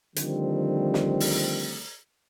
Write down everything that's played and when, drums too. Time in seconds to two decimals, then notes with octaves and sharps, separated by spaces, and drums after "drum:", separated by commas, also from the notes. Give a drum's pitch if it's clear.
0.16 D3 D#3 F3 G3 A3 C4, drum: hi-hat
0.94 drum: snare
1.20 drum: open hi-hat